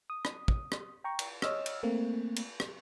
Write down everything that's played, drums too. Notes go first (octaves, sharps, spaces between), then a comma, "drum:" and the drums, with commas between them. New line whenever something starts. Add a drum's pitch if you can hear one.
D#6
drum: rim click
drum: kick
drum: rim click
G5 A#5 C#6
drum: cymbal
C#5 D#5 E6 F6, drum: rim click
drum: cymbal
A3 A#3 C4
drum: cymbal
drum: rim click